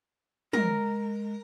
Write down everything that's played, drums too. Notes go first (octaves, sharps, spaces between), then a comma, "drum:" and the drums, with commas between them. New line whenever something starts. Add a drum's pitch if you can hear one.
G#3 A#4, drum: tom